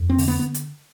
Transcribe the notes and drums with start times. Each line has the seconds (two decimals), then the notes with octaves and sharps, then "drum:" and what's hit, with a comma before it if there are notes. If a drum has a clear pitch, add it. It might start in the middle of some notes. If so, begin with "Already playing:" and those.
Already playing: F2
0.10 C4
0.18 D3, drum: open hi-hat
0.28 B3
0.39 B3
0.54 drum: hi-hat